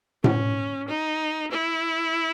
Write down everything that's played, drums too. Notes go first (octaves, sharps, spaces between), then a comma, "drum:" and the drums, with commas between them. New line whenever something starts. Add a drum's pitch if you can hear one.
C#4, drum: tom A2
D#4
E4